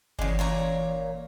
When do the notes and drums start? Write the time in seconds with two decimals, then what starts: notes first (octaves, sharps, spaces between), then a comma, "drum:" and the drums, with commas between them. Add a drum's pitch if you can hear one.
0.19 C#3 E3 G#3 C#4 D5, drum: kick G1
0.39 A#2 C#5 A#5